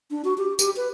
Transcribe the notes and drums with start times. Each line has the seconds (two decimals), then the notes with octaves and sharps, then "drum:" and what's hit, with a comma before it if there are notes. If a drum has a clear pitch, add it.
0.11 D4
0.25 F#4
0.38 G4
0.59 G4, drum: tambourine
0.77 B4